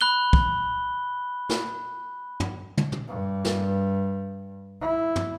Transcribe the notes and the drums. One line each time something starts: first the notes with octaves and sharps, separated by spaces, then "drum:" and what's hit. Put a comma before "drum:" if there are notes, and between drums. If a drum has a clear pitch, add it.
B5 F#6 G7
drum: kick
drum: snare
drum: tom
drum: tom
drum: tom
G2
drum: snare
E4
drum: tom